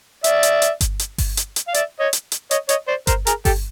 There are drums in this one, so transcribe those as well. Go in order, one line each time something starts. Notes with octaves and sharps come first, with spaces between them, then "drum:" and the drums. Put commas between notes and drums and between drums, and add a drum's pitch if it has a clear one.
D5 E5, drum: hi-hat
drum: hi-hat
drum: hi-hat
drum: kick G1, hi-hat
drum: hi-hat
drum: kick G1, open hi-hat
drum: hi-hat
drum: hi-hat
F5
D5 E5, drum: hi-hat
C#5 D#5
drum: hi-hat
drum: hi-hat
C#5 D#5, drum: hi-hat
C#5 D#5, drum: hi-hat
C5 D5
A#4 C5, drum: kick G1, hi-hat
G#4 A#4, drum: hi-hat
G4 A4, drum: kick G1, open hi-hat